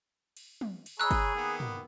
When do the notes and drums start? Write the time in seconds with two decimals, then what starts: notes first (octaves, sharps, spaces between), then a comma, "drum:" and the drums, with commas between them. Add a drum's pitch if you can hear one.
0.37 drum: cymbal
0.61 drum: tom
0.86 drum: cymbal
1.00 G#4 C#5 D#5 A#5 B5 C#6 E6 F#6
1.11 drum: kick G1, cymbal
1.35 D#3 A#3 B3
1.60 drum: tom